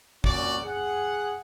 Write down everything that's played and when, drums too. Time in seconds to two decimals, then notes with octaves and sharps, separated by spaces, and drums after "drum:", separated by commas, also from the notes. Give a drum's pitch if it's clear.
0.24 A#2 C#4 F#4 D5, drum: kick
0.63 G#4 F#5